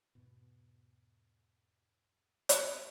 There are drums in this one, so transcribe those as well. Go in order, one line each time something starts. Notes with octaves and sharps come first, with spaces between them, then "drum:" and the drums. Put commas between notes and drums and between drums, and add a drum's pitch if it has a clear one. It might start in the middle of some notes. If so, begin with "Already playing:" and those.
E2 G#2 B2
drum: hi-hat